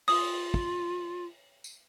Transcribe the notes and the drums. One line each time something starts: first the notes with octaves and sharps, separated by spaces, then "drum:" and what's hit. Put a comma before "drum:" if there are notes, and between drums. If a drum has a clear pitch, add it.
F4 D#6, drum: open hi-hat
drum: kick
drum: tambourine